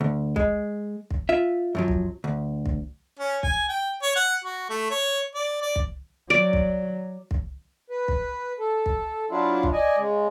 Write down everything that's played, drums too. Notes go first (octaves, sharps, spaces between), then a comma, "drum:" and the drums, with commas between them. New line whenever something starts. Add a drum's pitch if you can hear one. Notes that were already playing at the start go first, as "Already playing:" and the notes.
D2
G#3, drum: kick
drum: kick
F4 E5
F#2 F3 F#3
drum: kick
D2
drum: kick
C#4
G#5, drum: kick
G5
C#5
F#5
F#4
A3
C#5
D5
D5
drum: kick
F#3 D5
drum: kick
drum: kick
B4
drum: kick
A4
drum: kick
F#3 D4 E4 F4
drum: kick
D5 D#5 G#5
C#3 G#3